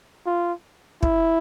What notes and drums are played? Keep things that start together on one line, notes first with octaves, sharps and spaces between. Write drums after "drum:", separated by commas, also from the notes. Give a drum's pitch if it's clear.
F4
E4, drum: kick